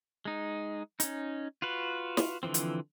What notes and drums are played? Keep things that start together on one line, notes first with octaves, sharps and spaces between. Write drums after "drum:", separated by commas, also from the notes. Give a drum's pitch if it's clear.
G#3 D#4
C#4 D#4, drum: hi-hat
F4 F#4 B4
drum: snare
D3 E3 F3 C4
drum: hi-hat